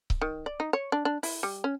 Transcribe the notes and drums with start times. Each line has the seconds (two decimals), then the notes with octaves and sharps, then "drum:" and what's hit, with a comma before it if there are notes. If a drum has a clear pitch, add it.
0.10 drum: kick C#1
0.21 D#3
0.46 D5
0.60 D#4
0.73 C#5
0.92 D4
1.05 D4
1.23 E4, drum: open hi-hat
1.43 G3
1.64 C#4